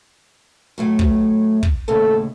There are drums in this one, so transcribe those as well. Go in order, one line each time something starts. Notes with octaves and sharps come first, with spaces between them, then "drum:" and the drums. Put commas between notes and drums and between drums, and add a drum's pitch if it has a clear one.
A2 F#3 A3
drum: kick
drum: kick
D#2 A2 C#3 A4